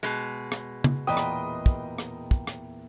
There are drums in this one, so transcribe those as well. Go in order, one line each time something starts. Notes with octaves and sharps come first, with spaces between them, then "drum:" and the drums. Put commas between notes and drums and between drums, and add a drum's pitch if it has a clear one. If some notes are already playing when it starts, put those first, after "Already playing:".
B2 G#3
drum: rim click
drum: tom C#3
E2 A#2 B4 D#5 G5 D#6
drum: rim click
drum: kick
drum: rim click
drum: kick
drum: rim click